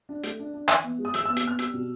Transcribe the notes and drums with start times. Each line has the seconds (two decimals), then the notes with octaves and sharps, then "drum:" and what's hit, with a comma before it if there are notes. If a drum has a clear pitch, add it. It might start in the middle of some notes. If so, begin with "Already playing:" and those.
0.09 D4
0.24 A3, drum: hi-hat
0.39 D4
0.54 D4
0.68 E3, drum: clap
0.84 B3
0.98 G#3
1.05 D#6
1.14 E3 E6, drum: hi-hat
1.26 E6
1.29 B3
1.37 E6, drum: hi-hat
1.45 B3 F6
1.59 G3 E6, drum: hi-hat
1.74 B2